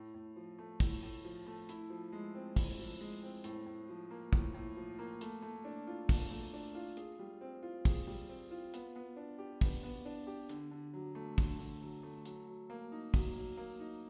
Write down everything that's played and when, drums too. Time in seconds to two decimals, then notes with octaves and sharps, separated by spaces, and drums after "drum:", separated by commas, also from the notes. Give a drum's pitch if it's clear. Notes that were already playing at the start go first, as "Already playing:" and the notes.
Already playing: A2
0.14 A2
0.36 F3
0.58 A3
0.80 A2, drum: kick, open hi-hat
1.03 A2
1.24 F3
1.46 A3
1.69 E4, drum: hi-hat
1.90 F3
2.12 G#3
2.35 C4
2.56 E4, drum: kick, open hi-hat
2.79 F3
3.01 G#3
3.23 C4
3.44 A2, drum: hi-hat
3.66 A2
3.89 F3
4.11 A#3
4.33 A2, drum: kick
4.54 A2
4.76 F3
4.99 A#3
5.21 A3, drum: hi-hat
5.42 A3
5.65 D4
5.87 F4
6.09 A3, drum: kick, open hi-hat
6.30 A3
6.53 D4
6.75 F4
6.97 G#4, drum: hi-hat
7.19 G3
7.41 C4
7.63 F4
7.85 G#4, drum: kick, open hi-hat
8.07 G3
8.29 C4
8.51 F4
8.74 B3, drum: hi-hat
8.96 B3
9.16 D4
9.39 G4
9.61 B3, drum: kick, open hi-hat
9.83 B3
10.05 D4
10.27 G4
10.49 D3, drum: hi-hat
10.71 D3
10.93 F#3
11.15 A3
11.38 D3, drum: kick, open hi-hat
11.59 D3
11.82 F#3
12.03 A3
12.25 F#3, drum: hi-hat
12.48 F#3
12.70 A#3
12.92 D#4
13.14 F#3, drum: kick, open hi-hat
13.36 F#3
13.57 A#3
13.80 D#4